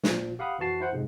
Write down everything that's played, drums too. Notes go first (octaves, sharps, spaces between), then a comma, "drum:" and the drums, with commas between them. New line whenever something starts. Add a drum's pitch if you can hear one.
A#2 F3, drum: snare
G4 F5 F#5 B5 D#6
F2 E3 F#4 A5 C7
E4 C5 F#5
F2 G#2 C3 G#3